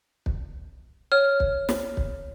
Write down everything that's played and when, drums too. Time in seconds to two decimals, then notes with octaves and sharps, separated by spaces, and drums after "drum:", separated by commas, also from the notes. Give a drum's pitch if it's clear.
0.26 drum: kick
1.12 C#5 F6
1.40 drum: kick
1.69 drum: snare
1.97 drum: kick